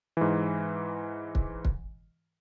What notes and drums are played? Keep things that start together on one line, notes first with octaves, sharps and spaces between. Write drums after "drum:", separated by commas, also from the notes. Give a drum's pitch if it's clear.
G#2 E3
drum: kick
drum: kick